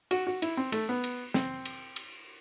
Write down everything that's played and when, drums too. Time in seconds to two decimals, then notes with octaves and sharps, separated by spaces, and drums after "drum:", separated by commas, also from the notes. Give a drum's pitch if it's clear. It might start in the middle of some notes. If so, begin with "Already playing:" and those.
0.11 F#4, drum: cymbal
0.27 F#4
0.42 E4, drum: cymbal
0.57 C4
0.72 A3, drum: cymbal
0.89 B3
1.04 drum: cymbal
1.34 C4, drum: snare
1.65 drum: cymbal
1.96 drum: cymbal